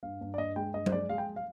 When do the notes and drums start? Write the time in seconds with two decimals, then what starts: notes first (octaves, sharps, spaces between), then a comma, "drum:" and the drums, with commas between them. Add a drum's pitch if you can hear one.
0.03 G2 F5
0.21 G2
0.34 D5
0.38 G2 D#5
0.56 G#3 G5
0.74 G2 D#5
0.86 C5, drum: tom F#3
0.92 G#3 D5
1.09 G#3 F5
1.18 G5
1.36 F5